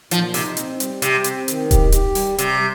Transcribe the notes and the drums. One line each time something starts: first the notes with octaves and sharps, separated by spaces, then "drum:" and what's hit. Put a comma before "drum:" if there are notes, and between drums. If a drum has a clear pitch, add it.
A#2 F3, drum: hi-hat
C3 D#4, drum: open hi-hat
C4, drum: hi-hat
G3, drum: hi-hat
C3 G4, drum: hi-hat
C4, drum: hi-hat
D#3, drum: hi-hat
G4, drum: kick D#1, hi-hat
G4, drum: hi-hat
G3, drum: open hi-hat
C3 G3, drum: hi-hat